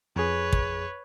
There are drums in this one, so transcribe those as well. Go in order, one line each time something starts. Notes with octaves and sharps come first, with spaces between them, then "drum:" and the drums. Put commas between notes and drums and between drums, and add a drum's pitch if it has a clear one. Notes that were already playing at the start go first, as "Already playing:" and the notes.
F2 G#4 B4 C#5
drum: kick